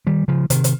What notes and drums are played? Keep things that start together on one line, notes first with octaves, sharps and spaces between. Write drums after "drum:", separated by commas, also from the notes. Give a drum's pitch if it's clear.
D#3 G3
C#3 F3
C3 D#3, drum: hi-hat
drum: hi-hat